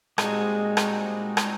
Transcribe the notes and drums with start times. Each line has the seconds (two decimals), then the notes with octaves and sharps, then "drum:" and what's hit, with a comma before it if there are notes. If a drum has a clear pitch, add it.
0.18 A#2 G3 G#3 C4 D#4 F#4, drum: rim click
0.77 A#2 G3 C4 D#4 F#4, drum: rim click
1.37 A#2 G3 C4 D#4 F#4, drum: rim click